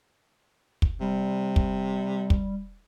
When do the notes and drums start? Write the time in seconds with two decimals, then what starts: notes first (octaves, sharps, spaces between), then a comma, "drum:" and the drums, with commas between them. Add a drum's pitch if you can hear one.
0.82 drum: kick
1.01 C3 G3
1.56 drum: kick
2.30 drum: kick